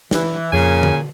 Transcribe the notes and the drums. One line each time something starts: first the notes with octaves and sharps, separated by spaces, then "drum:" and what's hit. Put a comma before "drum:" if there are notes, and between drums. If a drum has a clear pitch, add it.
E3, drum: snare
F2 A#2 C#3 G#5
drum: tom D3